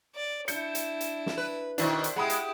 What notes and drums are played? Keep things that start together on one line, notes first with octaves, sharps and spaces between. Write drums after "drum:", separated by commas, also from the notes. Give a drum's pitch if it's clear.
D5
D4 E4 G6 C#7, drum: hi-hat
drum: hi-hat
drum: hi-hat
drum: snare
B4
B2 D#3 D4 E4 C5, drum: hi-hat
drum: hi-hat
G#3 E4 G4 F#5 B5 D#6
drum: hi-hat